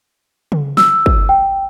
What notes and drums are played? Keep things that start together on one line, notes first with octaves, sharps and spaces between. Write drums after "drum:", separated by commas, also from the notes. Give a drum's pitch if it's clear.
drum: tom C#3
E6, drum: snare
drum: kick
G5